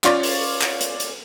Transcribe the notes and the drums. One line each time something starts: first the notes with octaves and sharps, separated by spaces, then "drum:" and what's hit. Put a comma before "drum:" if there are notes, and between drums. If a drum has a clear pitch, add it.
C#4 F4 C#5 D5, drum: clap
drum: open hi-hat
drum: clap
drum: hi-hat
drum: hi-hat